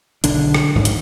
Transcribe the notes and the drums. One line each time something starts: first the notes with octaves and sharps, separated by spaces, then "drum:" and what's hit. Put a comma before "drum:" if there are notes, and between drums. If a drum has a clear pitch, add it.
B1 D3 D4, drum: hi-hat
drum: rim click
G#1 G#2 F#3
drum: hi-hat